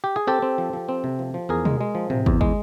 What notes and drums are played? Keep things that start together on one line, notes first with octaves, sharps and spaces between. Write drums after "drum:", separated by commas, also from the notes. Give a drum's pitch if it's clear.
G4
G#4
C4 G4 A4
C4
F3
F3
C4
C3
F3
F3
E2 G#4 A#4
G#3, drum: tom B2
G#3
F3
C3, drum: tom
E2, drum: kick
G#3, drum: kick